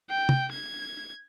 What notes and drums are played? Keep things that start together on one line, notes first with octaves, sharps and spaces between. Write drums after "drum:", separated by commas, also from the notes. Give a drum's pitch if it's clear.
G5
drum: tom
G#6